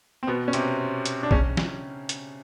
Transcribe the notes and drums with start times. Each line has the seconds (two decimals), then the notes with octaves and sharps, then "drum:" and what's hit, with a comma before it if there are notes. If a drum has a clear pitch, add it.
0.23 C4
0.27 B2 B3
0.48 C#4
0.53 C3 C4, drum: hi-hat
1.06 drum: hi-hat
1.23 D4
1.31 C#3 C#4, drum: kick B1
1.57 drum: snare
2.09 drum: hi-hat